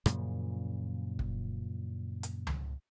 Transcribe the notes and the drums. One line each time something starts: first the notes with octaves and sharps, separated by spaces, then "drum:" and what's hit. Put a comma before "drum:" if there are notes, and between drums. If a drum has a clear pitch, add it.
F#2 A#2 C#3 F3, drum: rim click
drum: kick
drum: hi-hat
drum: tom C#2